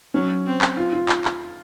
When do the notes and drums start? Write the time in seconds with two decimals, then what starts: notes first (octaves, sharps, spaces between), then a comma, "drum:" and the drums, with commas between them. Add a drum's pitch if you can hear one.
0.14 F#3 C#4
0.46 C4
0.61 drum: clap
0.77 F4
0.93 F4
1.09 drum: clap
1.25 drum: clap